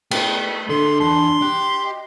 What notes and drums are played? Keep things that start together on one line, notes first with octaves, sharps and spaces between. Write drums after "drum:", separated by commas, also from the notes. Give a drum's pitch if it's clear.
A3 B3 G5, drum: cymbal
D3 D4 A4 C6
E2 A5 C6
G4 F#6
D#5